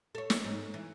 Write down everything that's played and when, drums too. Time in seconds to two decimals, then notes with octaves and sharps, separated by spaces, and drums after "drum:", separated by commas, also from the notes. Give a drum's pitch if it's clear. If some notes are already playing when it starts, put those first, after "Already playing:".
0.15 A4 C#5
0.30 drum: snare
0.44 G#2
0.74 E3